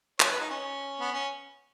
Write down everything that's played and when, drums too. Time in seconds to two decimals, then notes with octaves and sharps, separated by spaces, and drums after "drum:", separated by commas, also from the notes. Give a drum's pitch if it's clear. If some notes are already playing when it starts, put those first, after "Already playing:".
0.20 C#5, drum: clap
0.30 B4
0.40 D#4
0.50 C#4
1.00 B3
1.12 C#4